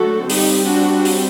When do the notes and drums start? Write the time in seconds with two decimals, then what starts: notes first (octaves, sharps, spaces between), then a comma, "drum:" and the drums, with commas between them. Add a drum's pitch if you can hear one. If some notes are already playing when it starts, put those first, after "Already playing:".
Already playing: D3 F#3 A3 F#4 A4
0.30 G3 C4 D#4 G4, drum: open hi-hat
0.67 D4 F#4
1.05 drum: open hi-hat